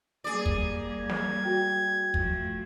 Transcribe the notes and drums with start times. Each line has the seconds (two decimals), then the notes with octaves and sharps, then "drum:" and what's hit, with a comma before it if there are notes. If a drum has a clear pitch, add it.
0.24 G3 A#3 G#4 D5
0.46 drum: kick
0.86 G#6
1.10 drum: snare
1.45 F#4 G5
2.14 F3 A3, drum: kick